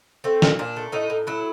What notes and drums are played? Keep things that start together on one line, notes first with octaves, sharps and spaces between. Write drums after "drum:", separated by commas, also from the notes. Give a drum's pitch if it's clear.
A3 C4
A#2, drum: snare
A#2 D4
A3
A2 D#4
A2
F#3 E4